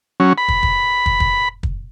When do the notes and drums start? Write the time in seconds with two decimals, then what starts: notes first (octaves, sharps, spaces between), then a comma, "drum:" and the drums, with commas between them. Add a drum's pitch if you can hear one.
0.20 F#3 C#4
0.38 B5
0.48 drum: kick
0.63 drum: kick
1.06 drum: kick
1.20 drum: kick
1.63 drum: kick